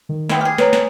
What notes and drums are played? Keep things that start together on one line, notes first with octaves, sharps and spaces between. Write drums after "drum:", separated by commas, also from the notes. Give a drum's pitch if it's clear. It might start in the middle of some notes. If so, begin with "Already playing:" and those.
D#3
B3 C4 E4, drum: snare
G4 G#4 F6
B4 C#5 A#5, drum: snare
drum: snare